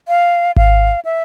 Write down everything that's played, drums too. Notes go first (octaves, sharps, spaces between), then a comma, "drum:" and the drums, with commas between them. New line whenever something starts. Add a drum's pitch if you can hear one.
F5
F5, drum: kick G#1
E5